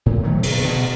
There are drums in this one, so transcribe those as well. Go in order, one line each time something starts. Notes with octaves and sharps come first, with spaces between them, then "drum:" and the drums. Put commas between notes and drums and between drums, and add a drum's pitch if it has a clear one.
A2
D#3 F#3 A3
D1 B2, drum: cymbal
B2